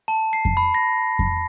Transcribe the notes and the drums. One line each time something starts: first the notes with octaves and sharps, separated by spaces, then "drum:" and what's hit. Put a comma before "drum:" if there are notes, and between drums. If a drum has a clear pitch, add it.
A5
C7
drum: kick F2
B5
A#6
drum: kick F2